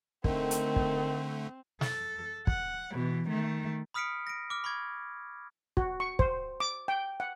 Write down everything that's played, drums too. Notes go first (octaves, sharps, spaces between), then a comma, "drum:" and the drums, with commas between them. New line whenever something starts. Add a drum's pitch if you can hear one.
D3 D#3 A3 C4, drum: kick
drum: hi-hat
drum: kick
A4, drum: snare
F#5, drum: kick
B2 E3
D#3 A3
B5 D#6 F6 B6 C#7 D7
A#6 D7
D6 F6
B5 C#6 D6 G#6
F#4, drum: kick
C#6
C5, drum: kick
D6
G5
F#5